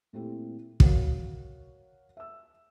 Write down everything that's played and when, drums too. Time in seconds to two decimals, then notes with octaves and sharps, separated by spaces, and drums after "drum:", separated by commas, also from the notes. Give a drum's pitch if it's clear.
0.13 A#2 A3 C4 E4 G4
0.80 F#4 A#4 C#5 F5 F#5, drum: kick
2.17 E5 E6